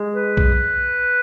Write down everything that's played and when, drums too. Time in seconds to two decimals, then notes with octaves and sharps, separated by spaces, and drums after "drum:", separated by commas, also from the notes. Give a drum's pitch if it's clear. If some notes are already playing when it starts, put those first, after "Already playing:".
Already playing: G#3
0.14 B4
0.37 drum: kick B1